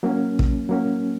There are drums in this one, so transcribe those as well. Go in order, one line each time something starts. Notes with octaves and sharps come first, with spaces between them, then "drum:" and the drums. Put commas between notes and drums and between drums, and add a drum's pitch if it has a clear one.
F#3 A#3 C#4
drum: kick
F#3 A#3 C#4